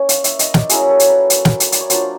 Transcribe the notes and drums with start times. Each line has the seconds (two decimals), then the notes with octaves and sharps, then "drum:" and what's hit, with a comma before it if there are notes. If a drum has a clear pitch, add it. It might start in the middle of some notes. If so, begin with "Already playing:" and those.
Already playing: A#3 C#4 E4
0.09 F5, drum: hi-hat
0.24 E5, drum: hi-hat
0.39 D#5, drum: hi-hat
0.54 D5, drum: snare
0.69 F#3 A#3 C#4 E4 G#4, drum: hi-hat
0.90 A4
1.00 drum: hi-hat
1.10 B4
1.30 drum: hi-hat
1.45 drum: snare
1.60 drum: hi-hat
1.72 D5, drum: hi-hat
1.81 C#5
1.90 F#3 A#3 D4 F4 C5, drum: hi-hat